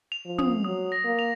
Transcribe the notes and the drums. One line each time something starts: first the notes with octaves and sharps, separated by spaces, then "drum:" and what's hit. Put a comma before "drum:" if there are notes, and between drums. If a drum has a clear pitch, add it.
F7
F3
D#6, drum: tom
F#3 D#6
A#6
A#3
F7